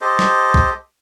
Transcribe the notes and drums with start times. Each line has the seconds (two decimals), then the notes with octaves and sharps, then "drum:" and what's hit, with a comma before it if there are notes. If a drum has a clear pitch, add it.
0.01 G4 A4 C5 D#5
0.19 drum: snare
0.54 drum: kick